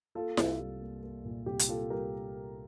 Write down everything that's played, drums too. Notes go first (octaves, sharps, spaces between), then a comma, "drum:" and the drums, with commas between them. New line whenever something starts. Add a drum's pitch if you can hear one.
A#3 F4 A4
C2, drum: snare E4
G3
A#3
A#3
A#2
C2 G4
drum: hi-hat
A#3 F4 A4
G3 G4 A#4